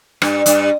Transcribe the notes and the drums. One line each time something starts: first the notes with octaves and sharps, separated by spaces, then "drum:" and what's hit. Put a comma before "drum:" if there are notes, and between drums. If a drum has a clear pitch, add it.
G2, drum: rim click
G2, drum: hi-hat